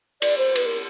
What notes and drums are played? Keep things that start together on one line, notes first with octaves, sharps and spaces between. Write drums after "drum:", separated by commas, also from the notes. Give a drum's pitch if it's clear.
D5, drum: cymbal
C5
B4, drum: cymbal
A#4